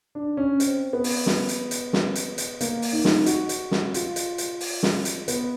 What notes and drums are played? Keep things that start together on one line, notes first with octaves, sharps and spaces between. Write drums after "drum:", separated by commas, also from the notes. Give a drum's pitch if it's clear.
D4
C#4
C4, drum: hi-hat
B3
drum: open hi-hat
drum: snare
drum: hi-hat
drum: hi-hat
drum: snare
drum: hi-hat
drum: hi-hat
A#3, drum: hi-hat
drum: open hi-hat
D#4
drum: snare
F#4, drum: hi-hat
drum: hi-hat
drum: snare
F4, drum: hi-hat
drum: hi-hat
drum: hi-hat
drum: open hi-hat
drum: snare
drum: hi-hat
B3, drum: hi-hat